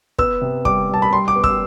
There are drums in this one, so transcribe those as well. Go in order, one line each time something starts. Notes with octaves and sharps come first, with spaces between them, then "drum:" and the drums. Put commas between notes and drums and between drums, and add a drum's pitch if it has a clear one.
B3 E6, drum: kick
C3
G3 D6, drum: kick
G3 A5
B5
G3 C6
D6
B3
E6, drum: kick